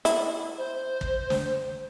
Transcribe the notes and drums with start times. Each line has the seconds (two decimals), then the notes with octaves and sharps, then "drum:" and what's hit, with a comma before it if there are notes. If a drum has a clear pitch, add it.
0.05 E4, drum: hi-hat
0.57 C5
1.01 drum: kick
1.30 drum: snare